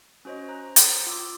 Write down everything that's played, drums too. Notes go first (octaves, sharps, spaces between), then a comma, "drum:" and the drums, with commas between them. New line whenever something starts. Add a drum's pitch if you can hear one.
C#4 F#4 C5 C#5 D#5
C5 A#5 F#6
D#6, drum: hi-hat
F4 C6 D6 E6